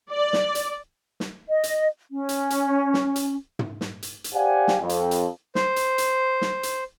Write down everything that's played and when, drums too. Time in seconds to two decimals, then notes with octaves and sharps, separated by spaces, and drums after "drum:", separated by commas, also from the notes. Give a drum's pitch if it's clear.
0.11 D5
0.33 drum: snare
0.55 drum: hi-hat
1.20 drum: snare
1.49 D#5
1.64 drum: hi-hat
2.12 C#4
2.29 drum: hi-hat
2.50 drum: hi-hat
2.94 drum: snare
3.16 drum: hi-hat
3.59 drum: tom
3.81 drum: snare
4.03 drum: hi-hat
4.24 drum: hi-hat
4.34 G4 C5 D5 F5 F#5 G#5
4.68 drum: snare
4.80 F2
4.89 drum: hi-hat
5.11 drum: hi-hat
5.55 C5, drum: snare
5.76 drum: hi-hat
5.98 drum: hi-hat
6.41 drum: snare
6.63 drum: hi-hat